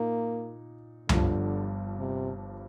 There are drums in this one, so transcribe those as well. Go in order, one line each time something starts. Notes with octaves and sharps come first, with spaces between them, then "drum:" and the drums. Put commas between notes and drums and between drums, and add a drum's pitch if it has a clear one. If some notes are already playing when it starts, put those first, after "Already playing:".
Already playing: A#2 A#3 D#4
G1 G2 D3 F3, drum: tom C#2
C3